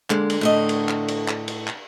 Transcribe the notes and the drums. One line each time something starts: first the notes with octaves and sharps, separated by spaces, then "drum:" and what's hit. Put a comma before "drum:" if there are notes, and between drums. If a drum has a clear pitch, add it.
D3 G#3 A#3, drum: clap
drum: cymbal
A2 A3 D#5
drum: cymbal
drum: clap
drum: cymbal
drum: clap
drum: cymbal
drum: clap